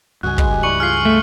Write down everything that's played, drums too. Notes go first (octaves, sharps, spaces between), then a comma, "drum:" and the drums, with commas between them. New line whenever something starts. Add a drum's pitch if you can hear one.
C#2 G2 F#4 D#5 G#5 F#6
G#3 B4 C6, drum: kick
G4
G3 E4 C#6 C#7 F#7
F4 G#4 F6 C7
A3